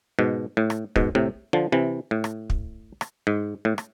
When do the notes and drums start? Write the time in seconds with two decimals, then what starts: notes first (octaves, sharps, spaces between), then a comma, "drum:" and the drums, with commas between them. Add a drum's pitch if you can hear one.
0.19 G#2 B2
0.57 A2
0.70 drum: rim click
0.96 G#2 B2, drum: kick
1.15 A2 C3
1.53 D3 F3
1.72 C3 E3
2.11 A2
2.24 drum: rim click
2.50 drum: kick
3.01 drum: rim click
3.27 G#2
3.65 A2
3.78 drum: rim click